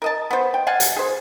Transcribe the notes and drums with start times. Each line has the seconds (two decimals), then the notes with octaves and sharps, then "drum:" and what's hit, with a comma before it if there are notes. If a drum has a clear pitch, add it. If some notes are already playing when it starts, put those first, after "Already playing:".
0.02 A#4 D#5 A5
0.31 B3 C5
0.54 G5
0.67 F5 F#5 G#5 A5
0.80 drum: hi-hat
0.96 G#4 C5